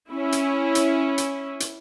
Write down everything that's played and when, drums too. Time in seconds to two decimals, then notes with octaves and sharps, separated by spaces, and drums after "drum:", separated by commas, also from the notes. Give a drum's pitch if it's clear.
0.11 C#4 E4
0.32 drum: hi-hat
0.75 drum: hi-hat
1.18 drum: hi-hat
1.60 drum: hi-hat